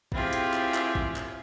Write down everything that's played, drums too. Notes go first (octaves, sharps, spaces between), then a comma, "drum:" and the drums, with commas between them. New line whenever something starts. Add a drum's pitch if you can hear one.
C4 E4 F4 G4 G#4, drum: kick
drum: hi-hat
drum: clap
drum: clap
drum: kick
drum: clap